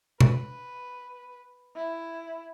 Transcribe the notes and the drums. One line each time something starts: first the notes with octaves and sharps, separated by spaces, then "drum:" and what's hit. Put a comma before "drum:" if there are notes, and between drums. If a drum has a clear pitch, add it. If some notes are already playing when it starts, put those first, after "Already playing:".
B4, drum: tom B2
E4